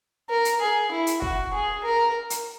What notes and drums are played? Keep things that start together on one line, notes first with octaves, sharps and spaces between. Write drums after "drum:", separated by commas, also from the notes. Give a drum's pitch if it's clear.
A#4
drum: hi-hat
G#4
E4
drum: hi-hat
F#4, drum: kick
G#4
A#4
drum: hi-hat